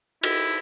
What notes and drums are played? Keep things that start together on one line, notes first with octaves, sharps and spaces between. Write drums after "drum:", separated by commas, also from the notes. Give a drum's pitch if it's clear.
E4, drum: cymbal